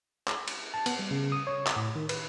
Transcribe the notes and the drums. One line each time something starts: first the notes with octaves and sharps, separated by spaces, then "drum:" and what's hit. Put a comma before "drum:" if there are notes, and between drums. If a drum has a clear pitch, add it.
drum: clap
drum: cymbal
A5
B3, drum: cymbal
G3
C#3
D#6
C#5
drum: clap
A2
D#3
B4, drum: cymbal